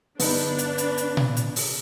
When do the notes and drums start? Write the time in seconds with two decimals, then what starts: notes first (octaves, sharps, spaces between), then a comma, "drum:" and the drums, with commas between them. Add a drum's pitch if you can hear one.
0.19 G1 B3 D4 D#4 B4, drum: open hi-hat
0.58 drum: hi-hat
0.78 drum: hi-hat
0.97 drum: hi-hat
1.17 drum: tom A#2
1.36 drum: hi-hat
1.56 drum: open hi-hat